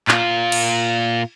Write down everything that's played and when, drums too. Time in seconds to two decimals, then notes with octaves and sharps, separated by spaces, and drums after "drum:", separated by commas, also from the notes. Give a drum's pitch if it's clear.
0.08 A#2 F4, drum: clap
0.52 drum: cymbal